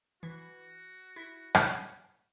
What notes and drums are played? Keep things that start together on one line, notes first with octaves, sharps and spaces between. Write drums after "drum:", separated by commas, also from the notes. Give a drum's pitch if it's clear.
E3 F#4
E4
drum: rim click